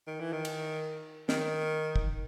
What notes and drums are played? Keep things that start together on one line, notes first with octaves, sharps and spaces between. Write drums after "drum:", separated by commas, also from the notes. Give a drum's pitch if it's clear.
D#3
E3
D#3
drum: cymbal
D#3, drum: snare
drum: kick